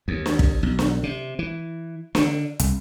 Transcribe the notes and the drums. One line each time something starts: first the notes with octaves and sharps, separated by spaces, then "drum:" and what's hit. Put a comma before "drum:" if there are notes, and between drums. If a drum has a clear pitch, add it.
D#2
drum: snare
drum: kick
B1
drum: snare
C3
E3
D3, drum: snare
C2, drum: hi-hat